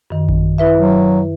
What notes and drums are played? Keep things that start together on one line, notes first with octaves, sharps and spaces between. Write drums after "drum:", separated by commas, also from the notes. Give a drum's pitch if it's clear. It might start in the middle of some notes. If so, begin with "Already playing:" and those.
F#2 D#3
drum: kick A1
E4 B4 E5
F#3